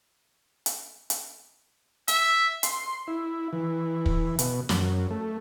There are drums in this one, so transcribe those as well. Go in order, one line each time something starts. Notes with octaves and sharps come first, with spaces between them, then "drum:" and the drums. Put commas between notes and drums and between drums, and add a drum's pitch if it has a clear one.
drum: hi-hat
drum: hi-hat
E5, drum: hi-hat
C6, drum: hi-hat
E4
E3
drum: kick
B2, drum: hi-hat
F#2, drum: snare
A3